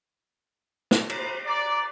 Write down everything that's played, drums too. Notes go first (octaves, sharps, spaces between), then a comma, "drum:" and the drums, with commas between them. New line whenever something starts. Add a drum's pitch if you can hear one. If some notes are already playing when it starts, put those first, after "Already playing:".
drum: snare
C5 A#5 B5, drum: cymbal
D5 A#5 D6